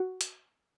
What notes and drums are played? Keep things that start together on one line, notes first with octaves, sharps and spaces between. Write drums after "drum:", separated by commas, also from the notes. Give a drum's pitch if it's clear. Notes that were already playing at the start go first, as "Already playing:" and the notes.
Already playing: F#4
drum: hi-hat